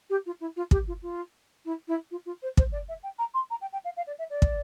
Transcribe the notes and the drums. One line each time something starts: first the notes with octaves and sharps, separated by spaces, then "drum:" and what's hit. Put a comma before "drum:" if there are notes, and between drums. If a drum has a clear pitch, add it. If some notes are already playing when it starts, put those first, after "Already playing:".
G4
F4
E4
F4
G4, drum: kick
F4
F4
E4
E4
F4
F4
C5
C5, drum: kick
D5
E5
G5
A#5
C6
A#5
G5
G5
F5
F5
D5
E5
D5
drum: kick